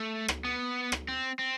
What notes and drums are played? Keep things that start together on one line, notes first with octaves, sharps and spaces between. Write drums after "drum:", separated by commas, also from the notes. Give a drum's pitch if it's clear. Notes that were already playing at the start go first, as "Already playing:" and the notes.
Already playing: A3
drum: rim click
B3
drum: rim click
C4
C4